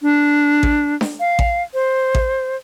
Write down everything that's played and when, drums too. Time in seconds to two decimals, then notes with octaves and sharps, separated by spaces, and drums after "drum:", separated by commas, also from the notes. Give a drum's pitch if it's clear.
0.02 D4
0.63 drum: kick A1
1.01 drum: snare D4
1.20 F5
1.39 drum: kick A1
1.74 C5
2.15 drum: kick A1